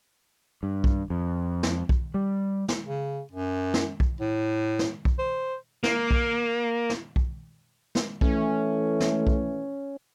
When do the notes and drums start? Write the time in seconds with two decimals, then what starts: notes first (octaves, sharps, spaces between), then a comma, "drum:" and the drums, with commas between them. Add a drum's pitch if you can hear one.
0.63 G2
0.84 drum: kick B1
1.10 F2
1.63 drum: snare
1.89 drum: kick B1
2.14 G3
2.68 drum: snare
2.87 C#3
3.31 F#2
3.74 drum: snare
4.00 drum: kick B1
4.21 A2
4.79 drum: snare
5.05 drum: kick B1
5.19 C5
5.83 A#3, drum: snare
6.11 drum: kick B1
6.90 drum: snare
7.16 drum: kick B1
7.95 drum: snare
8.21 E3 A3 C#4, drum: kick B1
9.00 drum: snare
9.27 drum: kick B1